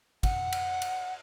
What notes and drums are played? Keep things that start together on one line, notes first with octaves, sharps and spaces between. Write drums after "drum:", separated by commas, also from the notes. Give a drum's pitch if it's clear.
F#5, drum: kick, cymbal
drum: cymbal
drum: cymbal